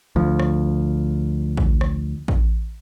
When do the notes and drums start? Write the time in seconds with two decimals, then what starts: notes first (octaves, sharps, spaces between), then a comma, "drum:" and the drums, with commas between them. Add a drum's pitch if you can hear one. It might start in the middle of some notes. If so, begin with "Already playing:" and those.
0.16 D2 F3
0.39 drum: rim click
1.57 drum: kick A1
1.81 drum: rim click
2.28 drum: kick A1